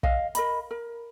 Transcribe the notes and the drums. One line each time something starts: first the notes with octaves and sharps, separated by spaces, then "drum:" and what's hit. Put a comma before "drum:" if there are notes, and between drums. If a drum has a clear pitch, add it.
D#5 F5, drum: kick
A#4 D#5 B5, drum: hi-hat
A#4